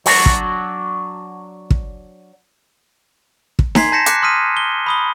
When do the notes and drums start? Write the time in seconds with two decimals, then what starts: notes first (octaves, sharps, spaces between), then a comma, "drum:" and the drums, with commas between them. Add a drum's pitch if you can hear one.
0.06 F#3 D4 F#4, drum: open hi-hat
0.26 drum: kick
1.70 drum: kick
3.59 drum: kick
3.75 G#5 A#5 C6 G#6 B6 C7, drum: snare D#4
3.92 A5 G6 A#6 B6 C#7 E7
4.06 D6 F#6 G6 B6 C#7, drum: hi-hat
4.22 C6 D#6 F6 B6 D#7
4.57 G7
4.86 B5 D#6 G7